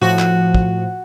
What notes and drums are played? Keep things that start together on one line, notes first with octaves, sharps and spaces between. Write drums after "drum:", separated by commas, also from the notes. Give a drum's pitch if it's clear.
A2 F3 F#4
drum: clap
drum: kick